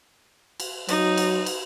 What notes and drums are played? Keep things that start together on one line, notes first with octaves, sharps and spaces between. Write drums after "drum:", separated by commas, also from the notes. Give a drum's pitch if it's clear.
drum: cymbal
F#3 D#4, drum: cymbal
drum: cymbal
drum: cymbal